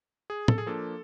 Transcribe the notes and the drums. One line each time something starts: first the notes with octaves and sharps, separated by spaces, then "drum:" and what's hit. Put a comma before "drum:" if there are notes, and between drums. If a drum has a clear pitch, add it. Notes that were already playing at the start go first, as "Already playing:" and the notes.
G#4
A4, drum: tom
G#4
F3 A#3 D4 A4